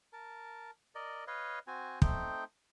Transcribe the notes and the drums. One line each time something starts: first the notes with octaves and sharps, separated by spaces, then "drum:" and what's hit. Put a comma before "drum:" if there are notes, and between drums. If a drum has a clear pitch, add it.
A#4 A5
A#4 D5 D#5
B4 C#5 D#5 F5
C4 F#4 G#5
A3 C4 D#4 G5, drum: kick